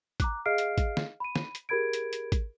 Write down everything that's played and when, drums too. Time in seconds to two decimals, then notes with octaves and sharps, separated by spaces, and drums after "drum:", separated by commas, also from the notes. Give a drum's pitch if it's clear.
0.20 A#5 D6 F#6, drum: kick G#1, hi-hat
0.46 G#4 D#5 F5 F6 C7 D7
0.58 drum: hi-hat
0.78 drum: kick G#1, hi-hat
0.97 drum: snare
1.20 B5 D#7
1.36 drum: snare
1.55 drum: hi-hat
1.69 G4 G#4 A#4 B5 G#6 D7
1.93 drum: hi-hat
2.13 drum: hi-hat
2.32 drum: kick G#1, hi-hat